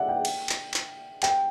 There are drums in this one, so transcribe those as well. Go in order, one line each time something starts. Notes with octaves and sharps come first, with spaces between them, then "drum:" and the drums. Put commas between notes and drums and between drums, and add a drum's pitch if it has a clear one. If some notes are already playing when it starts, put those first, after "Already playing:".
Already playing: D5 E5 F#5
G5
drum: cymbal
drum: clap
drum: clap
G5, drum: clap